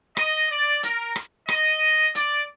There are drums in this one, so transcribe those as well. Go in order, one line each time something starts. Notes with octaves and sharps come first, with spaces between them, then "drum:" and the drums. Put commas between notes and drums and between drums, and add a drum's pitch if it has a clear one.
D#5, drum: rim click
D5
A#4, drum: hi-hat
drum: rim click
D#5, drum: rim click
D5, drum: hi-hat